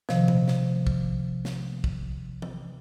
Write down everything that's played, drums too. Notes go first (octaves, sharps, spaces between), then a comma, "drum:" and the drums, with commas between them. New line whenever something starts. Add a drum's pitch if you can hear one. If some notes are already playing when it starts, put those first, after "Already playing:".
C3 D#3 F3, drum: snare
drum: tom A#2
drum: snare
drum: kick
drum: snare
drum: kick
drum: tom E3